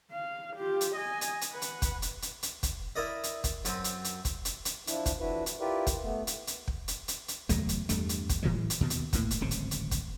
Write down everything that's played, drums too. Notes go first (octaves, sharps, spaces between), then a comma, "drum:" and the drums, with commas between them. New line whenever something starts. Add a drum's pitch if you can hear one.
F5
F4 G4
drum: hi-hat
D#5 G#5
drum: hi-hat
drum: hi-hat
B4 F#5
drum: hi-hat
drum: kick, hi-hat
drum: hi-hat
drum: hi-hat
drum: hi-hat
drum: kick, hi-hat
E4 A#4 D5 D#5
drum: hi-hat
drum: kick, hi-hat
F#2 C4, drum: hi-hat
drum: hi-hat
drum: hi-hat
drum: kick, hi-hat
drum: hi-hat
drum: hi-hat
F3 D4 E4, drum: hi-hat
drum: kick, hi-hat
F2 E3 D4 E4 F#4 B4
drum: hi-hat
E4 F4 G4 A#4 B4 D5
drum: kick, hi-hat
A3 B3
drum: hi-hat
drum: hi-hat
drum: kick
drum: hi-hat
drum: hi-hat
drum: hi-hat
F#1 E2 F#3 A3, drum: kick, hi-hat
drum: hi-hat
E2 G2 G3 A3, drum: hi-hat
drum: hi-hat
drum: kick, hi-hat
A2 E3 F#3 G#3
drum: hi-hat
D#2 B2 D#3
drum: hi-hat
A#1 A2 A#3, drum: kick, hi-hat
drum: hi-hat
D1 G#1 C#3 C4
drum: hi-hat
drum: hi-hat
drum: kick, hi-hat